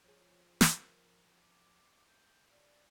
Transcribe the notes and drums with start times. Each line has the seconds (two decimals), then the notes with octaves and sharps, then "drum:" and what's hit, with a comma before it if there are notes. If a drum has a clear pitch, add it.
0.04 F3 G#4 C#5
0.61 A#4, drum: snare
1.41 D6
2.07 G6
2.50 C#4 D5